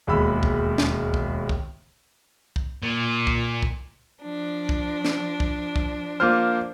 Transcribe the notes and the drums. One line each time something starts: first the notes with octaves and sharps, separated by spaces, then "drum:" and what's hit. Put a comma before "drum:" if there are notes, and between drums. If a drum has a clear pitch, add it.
E1 D#2 G#3 B5 E6
drum: kick
drum: snare
drum: kick
drum: kick
drum: kick
A#2
drum: kick
drum: kick
F3 D4
drum: kick
drum: snare
drum: kick
drum: kick
A#3 F4 C5 D6 F6